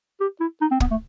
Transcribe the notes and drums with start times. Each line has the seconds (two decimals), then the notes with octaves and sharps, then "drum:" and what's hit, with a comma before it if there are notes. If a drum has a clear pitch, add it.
0.20 G4
0.40 E4
0.61 D#4
0.71 C4
0.80 B3, drum: kick
0.91 A3